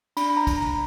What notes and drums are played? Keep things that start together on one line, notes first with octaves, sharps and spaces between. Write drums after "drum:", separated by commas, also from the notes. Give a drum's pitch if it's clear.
D4 B5, drum: cymbal
A#5
drum: kick, cymbal
drum: tom